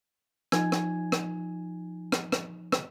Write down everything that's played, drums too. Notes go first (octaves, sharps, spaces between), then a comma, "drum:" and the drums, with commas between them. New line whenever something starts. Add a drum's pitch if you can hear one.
F3 D#4 G#5 G#6, drum: rim click
drum: rim click
drum: rim click
drum: rim click
drum: rim click
drum: rim click